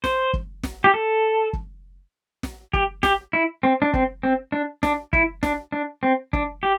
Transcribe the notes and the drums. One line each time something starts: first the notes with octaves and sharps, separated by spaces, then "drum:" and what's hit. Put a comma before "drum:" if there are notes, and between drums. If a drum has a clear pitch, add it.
C5, drum: snare
drum: kick
drum: snare
G4
A4
drum: kick
drum: snare
G4, drum: kick
G4, drum: snare
E4
C4
D4
C4, drum: kick
C4
D4
D4, drum: snare
E4, drum: kick
D4, drum: snare
D4
C4
D4, drum: kick
G4